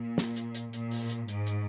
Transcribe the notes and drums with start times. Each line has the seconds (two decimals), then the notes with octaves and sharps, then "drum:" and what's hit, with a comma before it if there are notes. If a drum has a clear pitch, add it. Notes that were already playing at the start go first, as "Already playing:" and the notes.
Already playing: A#2
0.18 drum: snare
0.36 drum: hi-hat
0.55 drum: hi-hat
0.73 A#2, drum: hi-hat
0.91 drum: open hi-hat
1.10 drum: hi-hat
1.28 G#2, drum: hi-hat
1.47 drum: hi-hat